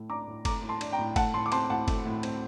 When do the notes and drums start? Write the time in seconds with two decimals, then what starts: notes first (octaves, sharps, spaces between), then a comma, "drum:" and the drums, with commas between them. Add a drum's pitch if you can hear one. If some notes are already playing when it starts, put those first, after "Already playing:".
Already playing: A2 A3
0.10 D4 A#5 D6
0.28 A2
0.45 A3 A#5 D6, drum: kick, cymbal
0.63 A2
0.69 A5 C6
0.81 D4, drum: cymbal
0.93 G5 A#5
0.99 A2
1.16 A3 F#5 A5, drum: kick, cymbal
1.34 A2 A5 C6
1.46 D6
1.52 C4 A5 C6, drum: cymbal
1.70 A2 F#5 A5
1.88 A3, drum: kick, cymbal
2.06 A2
2.23 C4, drum: cymbal